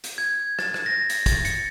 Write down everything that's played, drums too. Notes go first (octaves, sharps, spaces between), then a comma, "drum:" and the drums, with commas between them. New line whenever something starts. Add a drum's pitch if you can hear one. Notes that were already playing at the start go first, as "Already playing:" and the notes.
drum: hi-hat
G#6
A6, drum: rim click
drum: rim click
A#6
drum: hi-hat
A6, drum: kick, hi-hat
C#7, drum: hi-hat